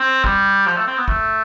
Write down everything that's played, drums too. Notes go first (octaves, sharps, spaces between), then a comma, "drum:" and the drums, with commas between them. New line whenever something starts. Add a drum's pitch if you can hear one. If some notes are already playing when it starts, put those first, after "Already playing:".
Already playing: C4
G3, drum: kick
F3
A3
C4
B3
A3, drum: kick